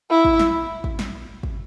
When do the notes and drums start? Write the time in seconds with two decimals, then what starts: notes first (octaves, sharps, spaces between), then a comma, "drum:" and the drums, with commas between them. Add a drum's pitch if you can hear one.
0.10 E4
0.25 drum: kick
0.39 drum: snare
0.84 drum: kick
0.99 drum: snare
1.43 drum: kick